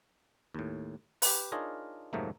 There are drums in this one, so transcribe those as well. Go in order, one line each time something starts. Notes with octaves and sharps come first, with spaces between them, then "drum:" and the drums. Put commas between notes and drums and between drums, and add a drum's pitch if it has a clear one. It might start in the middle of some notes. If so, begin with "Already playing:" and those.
D#2 A2
G4 B4, drum: open hi-hat
D4 D#4 F4 G#4 A#4 C#5
F2 G#2 C3 F#3 A3 A#3